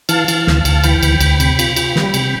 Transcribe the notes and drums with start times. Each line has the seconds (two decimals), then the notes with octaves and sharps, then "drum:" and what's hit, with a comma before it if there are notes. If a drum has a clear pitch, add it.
0.09 E3 F5 A5, drum: cymbal
0.28 E3, drum: cymbal
0.47 D2, drum: snare
0.65 D2, drum: cymbal
0.84 E3 G5 B5, drum: cymbal
1.03 D2, drum: cymbal
1.20 D2, drum: cymbal
1.40 C3, drum: cymbal
1.59 F4, drum: cymbal
1.76 F4, drum: cymbal
1.96 G3, drum: snare
2.14 C3, drum: cymbal